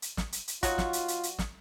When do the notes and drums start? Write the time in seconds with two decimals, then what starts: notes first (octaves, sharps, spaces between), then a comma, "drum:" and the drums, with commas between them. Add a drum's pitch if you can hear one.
0.02 drum: hi-hat
0.17 drum: snare
0.32 drum: hi-hat
0.48 drum: hi-hat
0.63 F#3 D#4 F4 F#4, drum: kick, hi-hat
0.78 drum: snare
0.93 drum: hi-hat
1.08 drum: hi-hat
1.23 drum: hi-hat
1.39 drum: snare